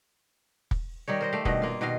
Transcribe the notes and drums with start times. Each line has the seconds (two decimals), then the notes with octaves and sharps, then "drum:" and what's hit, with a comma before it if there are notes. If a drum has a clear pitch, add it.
0.71 drum: kick
1.08 D#3 G3 D#4 C#5
1.21 A#4 C5 D#5
1.33 A3 G4 F5
1.45 G2 B2 D#3 D#5, drum: kick
1.62 A#3 F4
1.81 B2 D#3 D#5 F5